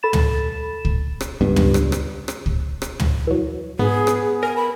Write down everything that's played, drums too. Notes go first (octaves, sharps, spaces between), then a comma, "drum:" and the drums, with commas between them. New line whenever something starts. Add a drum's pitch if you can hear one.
A4 B5 A6 E7
drum: tom
drum: kick
drum: rim click
C#2 G2 B3
drum: tom
drum: rim click
drum: rim click
drum: rim click
drum: kick
drum: rim click
drum: tom
E3 F#3
G#2 B3 G#4
drum: rim click
A#4 G#5
B5